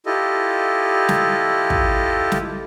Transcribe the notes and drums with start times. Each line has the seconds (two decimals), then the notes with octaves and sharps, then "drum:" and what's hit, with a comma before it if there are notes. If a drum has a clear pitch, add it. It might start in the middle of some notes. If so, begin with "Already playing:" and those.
0.06 E4 F4 G4 A4 D#5
1.09 drum: snare
1.70 drum: kick
2.32 drum: snare